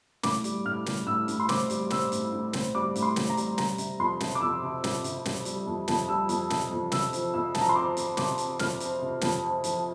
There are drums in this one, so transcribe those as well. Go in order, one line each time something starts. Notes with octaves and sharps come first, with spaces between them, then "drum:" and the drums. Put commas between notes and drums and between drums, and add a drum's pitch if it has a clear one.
A2 D6, drum: snare
G3, drum: hi-hat
A2 F6
G3, drum: snare
A2 E6
A2, drum: hi-hat
C6
C4 D6, drum: snare
G3, drum: hi-hat
C4 E6, drum: snare
A2, drum: hi-hat
A2
C4, drum: snare
G3 D6
A2, drum: hi-hat
C6
C4, drum: snare
A#5
G3, drum: hi-hat
G3 A#5, drum: snare
C3, drum: hi-hat
F2 C6
C3, drum: snare
D6
F2 E6
C3
C3, drum: snare
C3, drum: hi-hat
C3, drum: snare
G3, drum: hi-hat
F2
F2, drum: snare
G3 E6
F2, drum: hi-hat
C3, drum: snare
F2
C3 E6, drum: snare
F3, drum: hi-hat
F2 E6
F3 A5, drum: snare
A#5
C6
C4 D6
C4, drum: hi-hat
C3 D6, drum: snare
C4, drum: hi-hat
F2 F6, drum: snare
C4, drum: hi-hat
C3
F2, drum: snare
C4
F3, drum: hi-hat